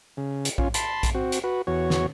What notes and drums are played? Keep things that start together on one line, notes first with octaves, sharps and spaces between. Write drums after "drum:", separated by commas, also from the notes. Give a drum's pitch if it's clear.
C#3
drum: hi-hat
C#4 F4, drum: kick A#1
A5 B5 C6, drum: hi-hat
drum: kick A#1, hi-hat
C4 F#4
drum: hi-hat
F#4 B4
E2 F#4 C#5
drum: snare